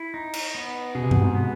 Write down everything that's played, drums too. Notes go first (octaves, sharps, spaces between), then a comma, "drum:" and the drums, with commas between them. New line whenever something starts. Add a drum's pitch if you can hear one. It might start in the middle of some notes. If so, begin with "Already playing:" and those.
Already playing: E4
D#4
drum: cymbal
B3
B2 G#4
C3
B2, drum: tom G2
G#2
B3